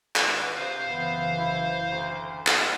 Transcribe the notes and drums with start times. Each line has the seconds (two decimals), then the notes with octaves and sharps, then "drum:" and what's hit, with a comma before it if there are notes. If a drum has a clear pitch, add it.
0.16 G#1 B4, drum: clap
0.56 C3 C5 F5
0.89 F#1 E3 B3
1.38 E4
1.91 D2
2.47 drum: clap